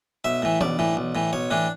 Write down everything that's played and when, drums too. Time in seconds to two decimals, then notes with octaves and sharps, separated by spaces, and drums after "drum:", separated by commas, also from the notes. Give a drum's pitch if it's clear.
0.24 B1 E5
0.42 A2 E3
0.61 B1 D5, drum: tom E3
0.79 A2 E3
0.97 B1
1.15 A2 E3
1.33 B1 C#5
1.51 A2 E3 D4